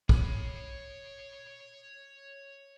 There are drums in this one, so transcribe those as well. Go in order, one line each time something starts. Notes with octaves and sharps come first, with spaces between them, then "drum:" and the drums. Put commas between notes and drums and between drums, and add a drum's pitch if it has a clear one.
C#5 B5, drum: kick